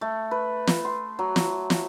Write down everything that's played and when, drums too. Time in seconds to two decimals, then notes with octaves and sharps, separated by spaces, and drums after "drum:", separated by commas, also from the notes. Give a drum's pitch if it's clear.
0.01 A3
0.31 B4
0.67 drum: snare
0.85 C6
1.19 F#3
1.36 drum: snare
1.70 drum: snare